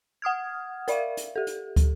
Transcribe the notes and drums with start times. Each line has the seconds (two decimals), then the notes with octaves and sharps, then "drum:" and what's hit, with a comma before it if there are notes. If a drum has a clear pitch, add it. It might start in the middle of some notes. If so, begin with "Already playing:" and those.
0.22 F#5 D#6 F6 G#6
0.88 A#4 D5 E5 F5, drum: hi-hat
1.17 drum: hi-hat
1.36 G4 A4
1.47 drum: hi-hat
1.76 drum: kick, hi-hat